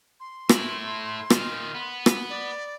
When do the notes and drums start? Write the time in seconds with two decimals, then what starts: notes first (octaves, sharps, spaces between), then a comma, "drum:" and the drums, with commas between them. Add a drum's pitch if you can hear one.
0.20 C6
0.49 A2 E4, drum: rim click
1.30 D#3 F4, drum: rim click
1.75 B3
2.06 drum: rim click
2.30 D5